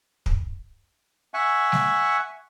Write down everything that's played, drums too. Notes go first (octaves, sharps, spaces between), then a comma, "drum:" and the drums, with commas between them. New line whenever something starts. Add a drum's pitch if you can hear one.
drum: kick
E5 F#5 G#5 C#6
drum: snare G3